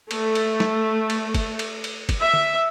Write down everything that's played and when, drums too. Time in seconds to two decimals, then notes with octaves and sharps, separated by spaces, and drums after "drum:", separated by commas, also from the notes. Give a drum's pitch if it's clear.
0.11 A3, drum: cymbal
0.35 drum: cymbal
0.60 drum: snare
1.10 drum: cymbal
1.34 drum: kick, cymbal
1.59 drum: cymbal
1.84 drum: cymbal
2.09 drum: kick, cymbal
2.22 E5
2.34 drum: tom